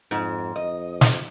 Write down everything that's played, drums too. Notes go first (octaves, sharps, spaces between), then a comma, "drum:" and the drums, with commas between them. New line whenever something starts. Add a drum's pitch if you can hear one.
F2 G#2
F2 D#5
drum: snare